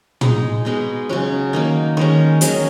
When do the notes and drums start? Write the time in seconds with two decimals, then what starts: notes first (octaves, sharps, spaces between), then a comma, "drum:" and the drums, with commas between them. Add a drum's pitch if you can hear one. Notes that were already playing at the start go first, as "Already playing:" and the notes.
0.21 G#3 D#4 G#4, drum: tom
0.65 B2 G#3 D#4 G#4
1.09 C#3 F#3 C#4
1.53 D#3 A#3 D#4
1.97 D#3 G#3 C#4
2.41 D#3 F#3 C#4 G#4, drum: hi-hat